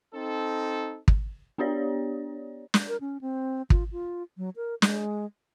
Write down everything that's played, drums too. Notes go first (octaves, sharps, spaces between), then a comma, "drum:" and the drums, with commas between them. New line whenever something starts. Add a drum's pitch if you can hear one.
C4 D#4 A4
drum: kick
B3 D4 G4 C#5 D5
drum: snare
A#4
C#4
C4
F4, drum: kick
F4
F#3
A#4
G#3, drum: snare